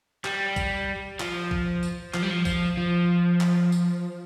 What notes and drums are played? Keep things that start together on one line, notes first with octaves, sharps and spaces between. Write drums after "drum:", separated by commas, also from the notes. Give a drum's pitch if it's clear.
G3, drum: clap
drum: kick, tambourine
F3, drum: clap
drum: kick
drum: tambourine
F3, drum: clap
G3
F3
F3, drum: kick, tambourine
F3
drum: clap
drum: tambourine